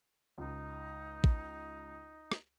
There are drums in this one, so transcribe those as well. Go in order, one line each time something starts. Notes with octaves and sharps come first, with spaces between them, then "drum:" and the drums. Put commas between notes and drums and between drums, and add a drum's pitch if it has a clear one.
C#2 D#4
drum: kick
drum: rim click